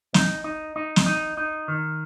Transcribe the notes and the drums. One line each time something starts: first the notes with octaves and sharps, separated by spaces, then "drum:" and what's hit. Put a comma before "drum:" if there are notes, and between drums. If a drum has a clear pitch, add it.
D#4, drum: snare
D#4
D#4
drum: snare
D#4
D#4
D#3